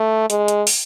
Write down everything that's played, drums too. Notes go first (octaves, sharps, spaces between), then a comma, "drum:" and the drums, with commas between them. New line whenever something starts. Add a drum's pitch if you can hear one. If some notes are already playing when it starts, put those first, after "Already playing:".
Already playing: A3
G#3, drum: hi-hat
drum: hi-hat
drum: open hi-hat